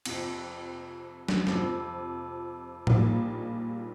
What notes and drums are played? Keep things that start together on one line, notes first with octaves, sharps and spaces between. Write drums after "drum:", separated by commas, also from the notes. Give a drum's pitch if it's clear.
F2 C3 F3, drum: cymbal
drum: snare
F2 C3 F3, drum: snare
A#1 A#2 G3 A#3 D#4, drum: tom A2